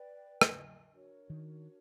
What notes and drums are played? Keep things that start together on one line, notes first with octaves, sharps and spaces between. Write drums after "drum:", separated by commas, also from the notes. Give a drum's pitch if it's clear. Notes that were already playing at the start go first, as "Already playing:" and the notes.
Already playing: B4 D5 G5
drum: rim click
D4 F#4 A#4 C#5
D#3